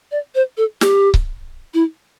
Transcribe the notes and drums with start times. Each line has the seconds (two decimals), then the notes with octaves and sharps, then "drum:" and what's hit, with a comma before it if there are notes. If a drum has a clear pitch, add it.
0.11 D5
0.35 C5
0.57 A4
0.81 G4, drum: snare
1.14 drum: kick C#1
1.74 E4